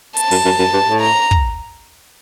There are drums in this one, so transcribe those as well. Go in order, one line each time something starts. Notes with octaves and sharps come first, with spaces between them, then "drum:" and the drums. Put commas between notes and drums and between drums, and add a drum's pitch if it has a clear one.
A5, drum: hi-hat
F#2, drum: open hi-hat
F#2
F#2
G2
A2
A#5
drum: kick